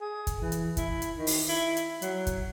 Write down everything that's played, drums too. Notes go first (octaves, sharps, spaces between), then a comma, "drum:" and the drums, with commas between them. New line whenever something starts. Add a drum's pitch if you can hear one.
G#4
drum: kick, hi-hat
E3
drum: hi-hat
E4, drum: kick, hi-hat
drum: hi-hat
D#3
drum: open hi-hat
E4
drum: hi-hat
F#3, drum: hi-hat
drum: kick, hi-hat